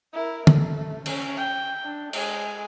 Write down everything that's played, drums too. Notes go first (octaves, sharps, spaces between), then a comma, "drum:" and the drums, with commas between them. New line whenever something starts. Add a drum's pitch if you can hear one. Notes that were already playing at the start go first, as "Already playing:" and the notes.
E4 A#4
A3, drum: tom
C#4, drum: cymbal
G5
D4
G#3 G#5, drum: cymbal